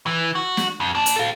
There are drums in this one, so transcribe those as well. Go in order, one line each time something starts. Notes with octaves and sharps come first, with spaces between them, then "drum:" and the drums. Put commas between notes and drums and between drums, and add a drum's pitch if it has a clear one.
E3
F#4
drum: snare
F2
A#3 A5
drum: hi-hat
A4 F5